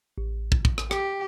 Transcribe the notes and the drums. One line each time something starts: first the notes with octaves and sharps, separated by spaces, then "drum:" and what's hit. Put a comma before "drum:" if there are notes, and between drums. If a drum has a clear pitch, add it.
A1
drum: kick
drum: kick
drum: rim click
G4, drum: rim click